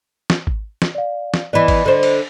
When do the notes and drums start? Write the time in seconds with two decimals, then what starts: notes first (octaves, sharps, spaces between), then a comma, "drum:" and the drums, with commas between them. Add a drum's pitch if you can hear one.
0.30 drum: snare
0.47 drum: kick G#1
0.82 drum: snare
0.95 D5 F5
1.34 drum: snare
1.53 E3 B3 D5 D#5 B5
1.68 drum: kick G#1, cymbal
1.86 D3 C5
2.03 drum: cymbal